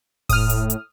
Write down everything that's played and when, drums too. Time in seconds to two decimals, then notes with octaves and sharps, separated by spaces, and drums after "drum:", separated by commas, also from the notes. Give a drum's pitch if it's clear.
0.29 A2 D#6 F6, drum: kick F1, open hi-hat
0.50 drum: hi-hat
0.70 drum: hi-hat